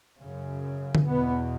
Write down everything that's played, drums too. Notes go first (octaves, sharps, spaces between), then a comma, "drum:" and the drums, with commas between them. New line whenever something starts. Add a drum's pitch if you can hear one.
F#2 C#3
drum: tom D3
E2 B2 B3